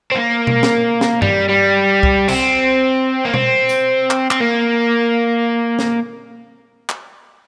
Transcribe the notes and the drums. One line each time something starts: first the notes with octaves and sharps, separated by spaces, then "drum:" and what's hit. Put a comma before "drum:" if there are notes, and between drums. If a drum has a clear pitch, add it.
C4
A#3
drum: tom B2
drum: snare
drum: snare
G3, drum: tom G2
G3
drum: kick C2
C4, drum: cymbal
A#3
C4, drum: tom B2
drum: tambourine
drum: clap
C4, drum: clap
A#3
drum: snare
drum: clap